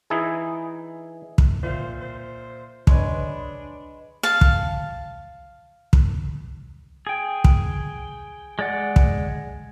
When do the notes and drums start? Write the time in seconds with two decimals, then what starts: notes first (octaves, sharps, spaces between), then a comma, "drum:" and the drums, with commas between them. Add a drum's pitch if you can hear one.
0.10 E3 D#4 E4 G#4
1.38 drum: kick
1.63 A#2 C5 E5 F5
2.01 C5
2.87 G#3 D4 B4 C#5, drum: kick
4.23 F5 A5
4.41 drum: kick
5.93 drum: kick
7.07 G#4 G5
7.44 drum: kick
8.59 G#3 D5 F#5
8.96 drum: kick